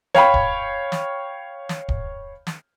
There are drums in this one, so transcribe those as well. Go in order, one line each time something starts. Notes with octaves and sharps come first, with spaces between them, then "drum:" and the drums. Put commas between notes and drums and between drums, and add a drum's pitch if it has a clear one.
C#5 F5 G5 B5, drum: snare
drum: kick
drum: snare
drum: snare
drum: kick
drum: snare